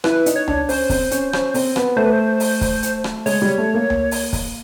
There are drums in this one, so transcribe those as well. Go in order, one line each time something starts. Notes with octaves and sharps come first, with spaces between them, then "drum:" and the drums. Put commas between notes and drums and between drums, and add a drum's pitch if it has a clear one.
E4 B4, drum: rim click
D#4, drum: hi-hat
C#5
D4, drum: tom C#2
C#4 C5, drum: open hi-hat
C4, drum: kick, open hi-hat
C#4, drum: hi-hat
C#4, drum: rim click
C4, drum: open hi-hat
B3, drum: rim click
A3 C5
B4
C5
drum: open hi-hat
drum: kick, open hi-hat
drum: hi-hat
drum: rim click
G#3 C#5, drum: open hi-hat
G3
A3
A#3
drum: tom C#2
drum: open hi-hat
drum: kick, open hi-hat